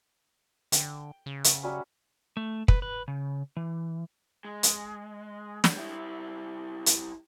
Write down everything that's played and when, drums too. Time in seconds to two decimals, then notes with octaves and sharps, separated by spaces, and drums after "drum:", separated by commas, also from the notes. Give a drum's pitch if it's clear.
0.72 D3 G5, drum: hi-hat
1.26 C#3
1.44 E5 F#5, drum: hi-hat
1.63 F#3 G3 C#4
2.37 A3
2.68 B4, drum: kick
2.82 B4
3.08 C#3
3.57 E3
4.45 G#3
4.63 drum: hi-hat
5.64 drum: snare
5.76 G3 E4
6.86 drum: hi-hat